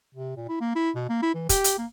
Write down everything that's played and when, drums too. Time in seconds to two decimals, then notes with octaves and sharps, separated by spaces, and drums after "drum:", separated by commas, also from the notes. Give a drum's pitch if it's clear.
0.15 C3
0.37 A#2
0.49 E4
0.61 A#3
0.76 E4
0.96 B2
1.09 A#3
1.23 E4
1.34 E3
1.49 G4, drum: kick, hi-hat
1.64 drum: hi-hat
1.78 A#3